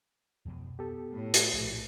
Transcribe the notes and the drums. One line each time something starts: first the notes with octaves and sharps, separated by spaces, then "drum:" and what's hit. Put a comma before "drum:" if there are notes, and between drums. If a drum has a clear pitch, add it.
F2 B2
B3 G4 A4
A2
drum: hi-hat
A#1